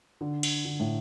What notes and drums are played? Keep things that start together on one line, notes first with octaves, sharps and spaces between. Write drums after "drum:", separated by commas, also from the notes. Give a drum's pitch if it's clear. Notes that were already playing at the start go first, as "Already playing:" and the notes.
D3
drum: cymbal
D3
A2